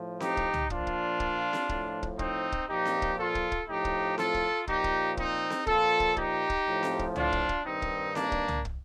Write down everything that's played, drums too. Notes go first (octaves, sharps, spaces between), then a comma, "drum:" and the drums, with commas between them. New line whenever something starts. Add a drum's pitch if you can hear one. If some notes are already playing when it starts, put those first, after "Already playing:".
Already playing: A2 F3
D#4 G4, drum: snare C4
drum: kick
drum: tom
A#2 F3 D4 F4, drum: kick
drum: kick
drum: kick
drum: snare C4
A2 F3, drum: kick
drum: kick
C4 D#4, drum: kick
drum: kick
A#2 F3 D#4 G4
drum: snare C4
drum: kick
F4 A4
drum: kick
drum: kick
A2 F3 D#4 G4
drum: kick
F4 A4, drum: snare C4
drum: kick
A#2 F3 D#4 G4, drum: kick
drum: kick
C4 D#4, drum: kick
drum: snare C4
A#2 F3 F4 A4, drum: kick
drum: kick
D#4 G4, drum: kick
drum: kick
A2 F3
drum: snare C4
drum: kick
D4 F4, drum: tom
drum: kick
drum: kick
G2 D#3 C4 D#4
drum: kick
A#3 D4, drum: snare C4
drum: kick
drum: tom
drum: kick